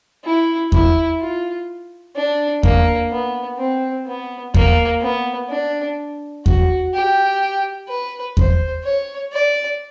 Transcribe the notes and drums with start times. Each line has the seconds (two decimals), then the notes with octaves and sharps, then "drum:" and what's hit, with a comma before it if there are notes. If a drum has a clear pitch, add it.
0.25 E4
0.72 E4, drum: kick E2
1.19 F4
2.15 D4
2.63 A#3, drum: kick E2
3.11 B3
3.59 C4
4.07 B3
4.54 A#3, drum: kick E2
5.02 B3
5.50 D4
6.46 F#4, drum: kick E2
6.94 G4
7.88 B4
8.37 C5, drum: kick E2
8.84 C#5
9.33 D5